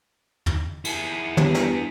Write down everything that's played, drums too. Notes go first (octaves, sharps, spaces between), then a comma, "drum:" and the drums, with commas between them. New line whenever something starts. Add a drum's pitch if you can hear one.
drum: tom
E4 G#4, drum: cymbal
G2 B3, drum: tom
drum: snare